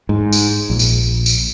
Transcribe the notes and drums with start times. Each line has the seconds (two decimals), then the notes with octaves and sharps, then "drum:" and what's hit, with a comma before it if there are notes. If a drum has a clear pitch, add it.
0.09 G#2
0.33 drum: tambourine
0.70 A#1
0.79 drum: tambourine
1.26 drum: tambourine